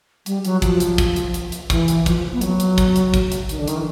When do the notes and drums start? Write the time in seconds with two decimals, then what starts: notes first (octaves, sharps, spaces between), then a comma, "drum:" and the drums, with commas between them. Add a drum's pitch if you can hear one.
0.26 G3, drum: hi-hat
0.45 F#3, drum: hi-hat
0.62 F3, drum: kick, hi-hat
0.80 drum: hi-hat
0.98 drum: kick, hi-hat
1.16 drum: hi-hat
1.34 drum: hi-hat
1.52 drum: hi-hat
1.70 E3, drum: kick, hi-hat
1.88 drum: hi-hat
2.06 F3, drum: kick, hi-hat
2.33 B3
2.41 F#3, drum: hi-hat
2.60 drum: hi-hat
2.78 drum: kick, hi-hat
2.96 drum: hi-hat
3.14 drum: kick, hi-hat
3.32 drum: hi-hat
3.49 D#3, drum: hi-hat
3.58 D3
3.68 D#3, drum: hi-hat
3.76 E3